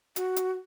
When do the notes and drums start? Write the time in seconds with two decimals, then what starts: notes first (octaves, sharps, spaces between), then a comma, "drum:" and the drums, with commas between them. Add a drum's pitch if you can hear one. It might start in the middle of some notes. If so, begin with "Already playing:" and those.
0.16 F#4, drum: hi-hat
0.36 drum: hi-hat